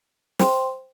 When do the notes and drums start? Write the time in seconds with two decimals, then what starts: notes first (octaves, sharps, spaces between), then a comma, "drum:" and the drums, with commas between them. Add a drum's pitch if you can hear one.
0.39 C5 G5 C6, drum: snare